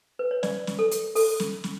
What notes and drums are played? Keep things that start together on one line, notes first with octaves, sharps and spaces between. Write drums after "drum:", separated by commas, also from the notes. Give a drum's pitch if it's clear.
B4
C#5
D5, drum: snare
drum: snare
A4
drum: hi-hat
A4, drum: open hi-hat
drum: snare
drum: snare